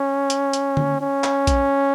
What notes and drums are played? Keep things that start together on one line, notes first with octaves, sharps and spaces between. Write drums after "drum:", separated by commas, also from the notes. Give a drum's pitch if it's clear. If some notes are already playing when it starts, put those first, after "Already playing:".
Already playing: C#4
drum: hi-hat
drum: hi-hat
drum: tom D3
C#4
drum: clap
drum: kick A#1, hi-hat